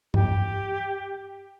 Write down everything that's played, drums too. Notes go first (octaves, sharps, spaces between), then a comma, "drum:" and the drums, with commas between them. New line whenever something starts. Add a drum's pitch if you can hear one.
G4, drum: tom